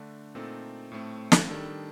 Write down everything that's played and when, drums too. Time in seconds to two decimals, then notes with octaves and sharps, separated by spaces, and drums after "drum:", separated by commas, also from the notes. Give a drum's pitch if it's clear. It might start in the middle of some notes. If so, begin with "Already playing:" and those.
Already playing: D3 A3 D4
0.35 A#2 A3 C4 D#4 A4
0.92 A2 A3 C4
1.32 drum: snare
1.49 D#3 G3 D4 A4